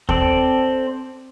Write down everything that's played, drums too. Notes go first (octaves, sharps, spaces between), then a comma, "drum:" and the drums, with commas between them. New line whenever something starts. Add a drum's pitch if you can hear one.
C4 A4 D5, drum: kick D#2